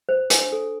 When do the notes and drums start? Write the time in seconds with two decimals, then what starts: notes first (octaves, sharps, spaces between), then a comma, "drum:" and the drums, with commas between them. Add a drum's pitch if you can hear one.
0.09 C5
0.30 D4, drum: hi-hat
0.52 A4